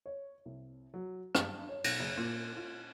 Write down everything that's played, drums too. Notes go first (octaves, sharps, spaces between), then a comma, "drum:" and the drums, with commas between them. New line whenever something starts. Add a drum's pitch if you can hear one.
C#5
C2
F#3
G2, drum: rim click
C#5
B1, drum: cymbal
F#1
A#2
F4